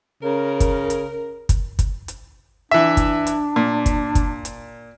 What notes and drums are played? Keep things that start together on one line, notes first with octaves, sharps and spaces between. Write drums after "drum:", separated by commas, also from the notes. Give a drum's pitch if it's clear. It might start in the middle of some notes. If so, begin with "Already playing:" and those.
C#3 A#4
drum: kick, hi-hat
drum: hi-hat
drum: kick, hi-hat
drum: kick, hi-hat
drum: hi-hat
E3 D4 E5
drum: kick, hi-hat
drum: hi-hat
A#2
drum: kick, hi-hat
drum: kick, hi-hat
drum: hi-hat